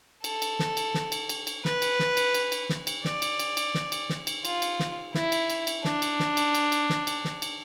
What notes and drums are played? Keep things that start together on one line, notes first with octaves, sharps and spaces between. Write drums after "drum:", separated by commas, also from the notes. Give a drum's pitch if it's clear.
A4, drum: cymbal
drum: cymbal
drum: snare
drum: cymbal
drum: snare
drum: cymbal
drum: cymbal
drum: cymbal
B4, drum: snare
drum: cymbal
drum: snare
drum: cymbal
drum: cymbal
drum: cymbal
drum: snare
drum: cymbal
D5, drum: snare
drum: cymbal
drum: cymbal
drum: cymbal
drum: snare
drum: cymbal
drum: snare
drum: cymbal
F4, drum: cymbal
drum: cymbal
drum: snare
E4, drum: snare
drum: cymbal
drum: cymbal
drum: cymbal
D4, drum: snare
drum: cymbal
drum: snare
drum: cymbal
drum: cymbal
drum: cymbal
drum: snare
drum: cymbal
drum: snare
drum: cymbal